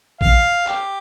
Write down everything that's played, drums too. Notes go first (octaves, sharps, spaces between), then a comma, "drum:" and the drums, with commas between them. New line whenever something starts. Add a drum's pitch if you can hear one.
F5, drum: kick A#1
G4, drum: clap